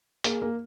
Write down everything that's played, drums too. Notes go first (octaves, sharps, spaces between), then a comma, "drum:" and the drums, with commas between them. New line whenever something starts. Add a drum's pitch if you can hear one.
A#3 G#4, drum: hi-hat
A#3